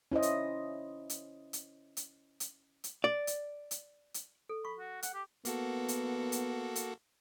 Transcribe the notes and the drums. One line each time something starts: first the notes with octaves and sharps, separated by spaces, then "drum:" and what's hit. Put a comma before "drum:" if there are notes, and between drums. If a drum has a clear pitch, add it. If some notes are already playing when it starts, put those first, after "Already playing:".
C#4 E4 C5 D#5
drum: hi-hat
drum: hi-hat
drum: hi-hat
drum: hi-hat
drum: hi-hat
drum: hi-hat
D5
drum: hi-hat
drum: hi-hat
drum: hi-hat
A4
B5 C#6
F#4
F#5, drum: hi-hat
G4
A#3 B3 F#4 A4, drum: hi-hat
drum: hi-hat
drum: hi-hat
drum: hi-hat